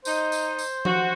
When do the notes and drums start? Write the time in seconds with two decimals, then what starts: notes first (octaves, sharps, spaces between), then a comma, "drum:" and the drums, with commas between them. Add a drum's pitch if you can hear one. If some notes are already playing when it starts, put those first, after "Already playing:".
0.05 D#4 C5, drum: tambourine
0.32 drum: tambourine
0.59 drum: tambourine
0.85 F#4, drum: tom F3